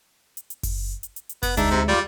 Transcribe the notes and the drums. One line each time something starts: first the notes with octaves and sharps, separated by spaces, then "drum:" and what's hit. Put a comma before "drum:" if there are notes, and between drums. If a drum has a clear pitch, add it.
drum: hi-hat
drum: hi-hat
drum: kick F#1, open hi-hat
drum: hi-hat
drum: hi-hat
drum: hi-hat
B3, drum: kick F#1, open hi-hat
D2 G#3 D4 D#4 E5, drum: hi-hat
C3
G3 F4 D5